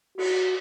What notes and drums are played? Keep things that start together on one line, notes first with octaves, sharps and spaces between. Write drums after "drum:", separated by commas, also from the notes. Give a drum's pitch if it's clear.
F#4, drum: cymbal